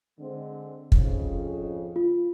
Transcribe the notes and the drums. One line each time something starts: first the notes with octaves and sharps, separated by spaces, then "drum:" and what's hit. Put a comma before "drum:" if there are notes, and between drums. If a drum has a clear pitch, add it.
D3 G#3 C4
F2 G#2 C#3, drum: kick
F4